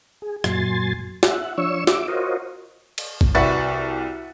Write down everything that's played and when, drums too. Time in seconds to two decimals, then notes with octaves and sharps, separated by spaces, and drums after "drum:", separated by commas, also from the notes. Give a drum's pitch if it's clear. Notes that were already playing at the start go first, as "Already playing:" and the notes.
0.22 G#4
0.44 F#2 A#2 F#3 G#5 C6 A6, drum: rim click
1.23 E5 F#5, drum: snare
1.58 F3 D4 C#5 C#6 E6
1.87 E5 D6, drum: snare
2.08 F4 F#4 A#4 C5 C#5 D#5
2.98 drum: cymbal
3.21 drum: kick A1
3.35 C2 F#4 B4 D5 E5 F#5 A6